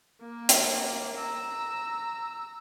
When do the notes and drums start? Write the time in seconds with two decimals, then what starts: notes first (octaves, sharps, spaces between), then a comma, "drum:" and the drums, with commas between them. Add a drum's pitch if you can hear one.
0.21 A#3
0.49 drum: hi-hat
1.17 A#5 E6